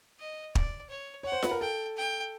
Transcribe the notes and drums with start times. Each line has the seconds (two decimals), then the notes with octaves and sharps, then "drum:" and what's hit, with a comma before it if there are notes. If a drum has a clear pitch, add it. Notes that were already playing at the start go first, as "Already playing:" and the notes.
0.20 D#5
0.55 D5, drum: kick
0.90 C#5
1.23 C#5 F#5
1.32 C5
1.42 B4, drum: snare F4
1.51 A#4
1.61 A4 G5
1.97 G5